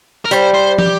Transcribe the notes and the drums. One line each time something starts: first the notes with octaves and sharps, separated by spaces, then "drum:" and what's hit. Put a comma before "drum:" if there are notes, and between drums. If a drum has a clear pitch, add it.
A#4
G3 C5, drum: hi-hat
C5
G4, drum: tom